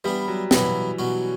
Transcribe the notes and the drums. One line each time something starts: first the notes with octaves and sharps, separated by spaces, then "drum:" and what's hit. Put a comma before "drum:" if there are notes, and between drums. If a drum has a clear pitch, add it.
E3 G3 B3 D4
F#3
B2 E3 F#3 B3 E4, drum: snare
B2 F#3 C#4 F#4